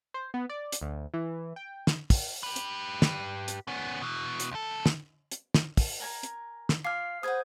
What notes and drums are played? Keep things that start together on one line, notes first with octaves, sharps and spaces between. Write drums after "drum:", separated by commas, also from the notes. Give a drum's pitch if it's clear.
C5
B3
D5
drum: hi-hat
D2
E3
G5
drum: snare
drum: kick, open hi-hat
G4 B4
drum: hi-hat
drum: snare
drum: hi-hat
B3 C#4
B2 E3
drum: hi-hat
C#2 A4
drum: snare
drum: hi-hat
drum: snare
drum: kick, open hi-hat
A#4 G#5 A#5
drum: hi-hat
drum: snare
F4 G#5 D6 F6 C7
G#4 B4 C5 F#5 D#6 G#6